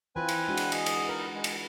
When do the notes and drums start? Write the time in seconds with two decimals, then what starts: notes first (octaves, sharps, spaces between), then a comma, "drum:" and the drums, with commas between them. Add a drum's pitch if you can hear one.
0.16 E3 C4 F4 B4 G#5
0.29 drum: cymbal
0.48 G#3 D4 F#4
0.57 drum: cymbal
0.72 G#4 D#5, drum: cymbal
0.86 drum: cymbal
1.09 D#4 A#4 B4
1.34 G#3
1.44 drum: cymbal